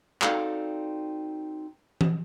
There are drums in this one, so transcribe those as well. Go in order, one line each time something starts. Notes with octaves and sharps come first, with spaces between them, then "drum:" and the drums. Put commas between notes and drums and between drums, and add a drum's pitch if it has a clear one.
C4 D#4 F#4 A4 D5 F5, drum: clap
drum: tom E3